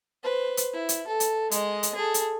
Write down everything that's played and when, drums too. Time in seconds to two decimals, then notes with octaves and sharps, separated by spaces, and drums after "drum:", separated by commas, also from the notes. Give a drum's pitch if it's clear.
0.23 B4 C5
0.57 drum: hi-hat
0.74 E4
0.89 drum: hi-hat
1.07 A4
1.20 drum: hi-hat
1.51 G#3 D#5, drum: hi-hat
1.83 drum: hi-hat
1.95 G#4 A4
2.14 drum: hi-hat